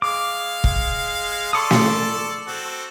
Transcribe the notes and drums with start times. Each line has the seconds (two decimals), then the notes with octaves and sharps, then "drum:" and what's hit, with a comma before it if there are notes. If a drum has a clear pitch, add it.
0.02 G#3 F5 D6
0.64 drum: kick
1.53 A4 D5 A5 C6 C#6 D#6
1.71 drum: snare
2.47 C4 F#4 A4